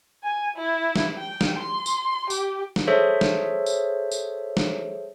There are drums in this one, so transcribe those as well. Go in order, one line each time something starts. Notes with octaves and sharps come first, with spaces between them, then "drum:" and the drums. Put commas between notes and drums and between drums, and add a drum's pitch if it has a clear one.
G#5
E4
drum: snare
G5
drum: snare
C6
drum: tambourine
G4, drum: tambourine
drum: snare
G#4 A4 C5 C#5 E5
drum: snare
drum: tambourine
drum: tambourine
drum: snare